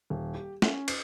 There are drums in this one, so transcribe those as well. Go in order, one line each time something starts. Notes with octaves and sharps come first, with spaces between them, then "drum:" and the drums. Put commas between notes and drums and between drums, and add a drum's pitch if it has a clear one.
D#1
G4
C#4, drum: snare
C7, drum: cymbal